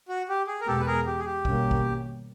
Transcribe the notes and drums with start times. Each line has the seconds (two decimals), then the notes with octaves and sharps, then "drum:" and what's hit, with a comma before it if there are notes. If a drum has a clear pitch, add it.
0.08 F#4
0.29 G4
0.47 G#4
0.61 A#4
0.67 E2 B2 G#3 B3 G4 A4
0.80 B4
0.87 G#4 A#4
1.06 G4
1.19 G#4
1.25 G4
1.45 B2 G3 A#3 C#4, drum: kick A#1
1.71 drum: kick A#1